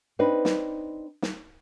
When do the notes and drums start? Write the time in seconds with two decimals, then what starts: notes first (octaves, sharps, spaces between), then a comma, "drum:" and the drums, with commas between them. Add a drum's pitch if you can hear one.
0.19 C4 D4 D#4 B4
0.45 drum: snare
1.22 drum: snare